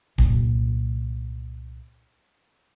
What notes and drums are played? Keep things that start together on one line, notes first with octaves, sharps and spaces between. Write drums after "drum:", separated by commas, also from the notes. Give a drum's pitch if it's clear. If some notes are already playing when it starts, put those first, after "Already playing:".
C2 A#2 F#3, drum: kick